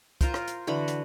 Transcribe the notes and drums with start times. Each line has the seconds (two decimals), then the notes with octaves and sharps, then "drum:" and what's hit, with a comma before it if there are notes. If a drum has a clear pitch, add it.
0.21 F4 A#4 C5, drum: kick, hi-hat
0.34 drum: rim click
0.48 drum: hi-hat
0.67 D3 E3 F#4 B5
0.88 drum: hi-hat